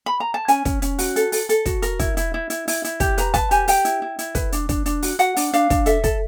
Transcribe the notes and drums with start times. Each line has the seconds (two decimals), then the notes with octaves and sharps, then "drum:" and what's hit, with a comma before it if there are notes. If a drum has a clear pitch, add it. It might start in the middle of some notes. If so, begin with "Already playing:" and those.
0.06 B5
0.20 A#5
0.34 A5
0.48 C#4 G#5, drum: hi-hat
0.65 C#4, drum: kick, hi-hat
0.82 C#4, drum: hi-hat
0.99 F#4, drum: open hi-hat
1.16 A4, drum: hi-hat
1.32 A4, drum: open hi-hat
1.49 A4, drum: hi-hat
1.66 F#4, drum: kick, hi-hat
1.82 A#4, drum: hi-hat
1.99 E4, drum: kick, hi-hat
2.17 E4, drum: hi-hat
2.34 E4
2.50 E4, drum: hi-hat
2.68 E4, drum: open hi-hat
2.84 E4, drum: hi-hat
3.00 G4, drum: kick, hi-hat
3.18 B4 A#5, drum: hi-hat
3.34 B4 A5, drum: kick, hi-hat
3.51 G4 G#5, drum: hi-hat
3.68 G4 G5, drum: open hi-hat
3.85 E4, drum: hi-hat
4.02 E4
4.19 E4, drum: hi-hat
4.35 B4, drum: kick, hi-hat
4.52 D4, drum: hi-hat
4.69 D4, drum: kick, hi-hat
4.86 D4, drum: hi-hat
5.02 F#4, drum: open hi-hat
5.19 F#4 F#5, drum: hi-hat
5.37 D4, drum: open hi-hat
5.53 D4 F5, drum: hi-hat
5.70 D4, drum: kick, hi-hat
5.86 A4 E5, drum: hi-hat
6.04 A4, drum: kick, hi-hat